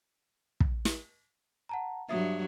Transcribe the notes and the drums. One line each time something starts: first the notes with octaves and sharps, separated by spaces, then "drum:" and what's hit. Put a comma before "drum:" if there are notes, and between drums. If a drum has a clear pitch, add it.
drum: kick
drum: snare
F#5 A5 A#5
G2 F#3 E5 D#6